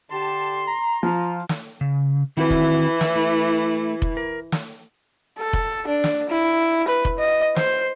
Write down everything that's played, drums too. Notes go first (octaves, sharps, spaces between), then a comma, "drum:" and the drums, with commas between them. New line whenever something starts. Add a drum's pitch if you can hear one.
D3 G4 A5 C6
A#5
F3 F4
drum: snare
C#3
D#3 E3 C4 E4 F#4
drum: kick F1
drum: snare
A3
drum: kick F1
A#4
drum: snare
A4
drum: kick F1
D4
drum: snare
E4
B4
drum: kick F1
D#5
C5, drum: snare